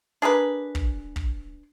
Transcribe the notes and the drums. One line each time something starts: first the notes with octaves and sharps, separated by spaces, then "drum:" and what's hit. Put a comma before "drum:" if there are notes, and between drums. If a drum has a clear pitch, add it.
D4 G#4 A#4 B4
drum: kick
drum: kick